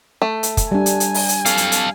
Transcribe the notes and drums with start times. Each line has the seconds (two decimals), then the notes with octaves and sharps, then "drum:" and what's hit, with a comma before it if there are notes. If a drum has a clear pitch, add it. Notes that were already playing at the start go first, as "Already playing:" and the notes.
0.22 A3
0.43 drum: hi-hat
0.57 drum: kick, hi-hat
0.72 G3 D4 G#5
0.86 drum: hi-hat
1.00 drum: hi-hat
1.14 drum: open hi-hat
1.29 drum: hi-hat
1.46 A4 F5, drum: hi-hat
1.57 drum: hi-hat
1.72 drum: hi-hat